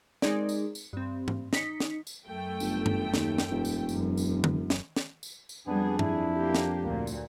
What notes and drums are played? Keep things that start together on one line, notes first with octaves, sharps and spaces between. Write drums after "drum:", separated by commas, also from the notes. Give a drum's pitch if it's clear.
G#3 C4 D#4 G#4 A#4 D5, drum: snare
drum: tambourine
drum: tambourine
G2 C4
drum: tom G#2
D#4 B6 C#7, drum: snare
drum: snare
drum: tambourine
F#2 A3 G5
G1, drum: tambourine
drum: tom
D#2, drum: snare
drum: snare
E1
drum: tambourine
F#2, drum: tambourine
drum: tambourine
drum: tom
drum: snare
drum: snare
drum: tambourine
drum: tambourine
F2 F#3 G3 B3 D4 G#4
E4, drum: tom
A#3 G4
drum: snare
D2 A#2 A#3
drum: tambourine